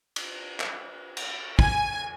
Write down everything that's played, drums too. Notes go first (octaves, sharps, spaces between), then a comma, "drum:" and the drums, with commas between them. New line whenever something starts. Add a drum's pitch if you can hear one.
drum: cymbal
drum: clap
drum: cymbal
G#5, drum: kick